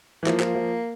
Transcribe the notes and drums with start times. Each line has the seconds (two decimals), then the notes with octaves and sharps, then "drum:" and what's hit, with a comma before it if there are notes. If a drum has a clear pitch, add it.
0.23 E3
0.27 F3 A#3, drum: clap
0.40 F3, drum: clap
0.55 F3